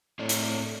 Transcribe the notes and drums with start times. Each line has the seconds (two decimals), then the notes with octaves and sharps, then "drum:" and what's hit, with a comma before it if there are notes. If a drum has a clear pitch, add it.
0.19 A2 C4 C#5 D5
0.29 drum: hi-hat